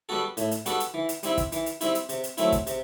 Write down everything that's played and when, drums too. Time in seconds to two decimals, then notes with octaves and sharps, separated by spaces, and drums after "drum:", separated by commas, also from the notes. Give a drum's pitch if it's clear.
0.09 G3 B3 F#4 A4
0.37 A2, drum: hi-hat
0.51 drum: hi-hat
0.66 G3 B3 F#4 A4, drum: hi-hat
0.80 drum: hi-hat
0.94 E3
1.09 drum: hi-hat
1.23 G3 C4 E4, drum: hi-hat
1.37 drum: kick, hi-hat
1.52 E3, drum: hi-hat
1.66 drum: hi-hat
1.81 G3 C4 E4, drum: hi-hat
1.95 drum: hi-hat
2.09 C3, drum: hi-hat
2.24 drum: hi-hat
2.37 F#3 A3 C4 E4, drum: hi-hat
2.52 drum: kick, hi-hat
2.67 C3, drum: hi-hat